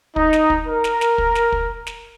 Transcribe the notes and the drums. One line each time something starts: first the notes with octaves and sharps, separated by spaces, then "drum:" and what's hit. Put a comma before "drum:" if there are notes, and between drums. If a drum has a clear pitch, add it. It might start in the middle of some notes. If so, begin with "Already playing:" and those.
D#4, drum: kick
drum: snare
drum: kick
A#4
drum: snare
drum: snare
drum: kick
drum: snare
drum: kick
drum: snare